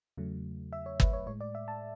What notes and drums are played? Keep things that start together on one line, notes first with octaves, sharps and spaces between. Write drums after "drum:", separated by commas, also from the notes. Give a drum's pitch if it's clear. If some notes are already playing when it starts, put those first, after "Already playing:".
E2 C#3 F#3 A3
E5
C#5
B4, drum: kick G1
C#5
A2 G#3 C#5
D5
E5
A5